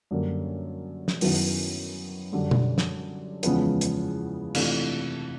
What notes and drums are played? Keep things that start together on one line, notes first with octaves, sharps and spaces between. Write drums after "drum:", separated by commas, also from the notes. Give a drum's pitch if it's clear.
F#2 D3 G3 A#3
drum: snare
F#2 D#3 F#3 B3 E4, drum: open hi-hat
F#2 D3 G3
drum: tom B2
drum: snare
E2 C#3 F3 G#3 B3, drum: hi-hat
drum: hi-hat
C3 E3 A3 D4 F4, drum: cymbal